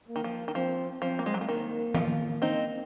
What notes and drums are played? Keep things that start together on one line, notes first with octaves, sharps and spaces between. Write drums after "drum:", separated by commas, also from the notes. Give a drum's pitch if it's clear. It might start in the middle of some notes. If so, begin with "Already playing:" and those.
A#3
D#3
F3
D#3
F3 C4
F3 C4
A#3
G#3
F#3
F3
D#3 A#3
F3, drum: tom D#3
C4 D#4